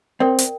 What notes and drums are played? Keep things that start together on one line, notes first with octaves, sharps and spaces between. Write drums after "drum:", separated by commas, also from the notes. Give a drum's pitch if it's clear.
C4 A#4 D5 G5
drum: hi-hat